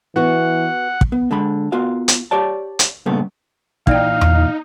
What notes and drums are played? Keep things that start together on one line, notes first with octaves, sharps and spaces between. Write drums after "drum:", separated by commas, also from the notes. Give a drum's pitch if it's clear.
E3 B3 F#4 F#5
drum: kick
B3
D3 G#3 B5
B3 F4 F#4 F5
drum: hi-hat
G4 C#5 D5 A5
drum: hi-hat
G2 A#2 C#3 A3 B3
A#2 E3 A#3 D#4 D5 F5 G5, drum: kick
drum: tom E2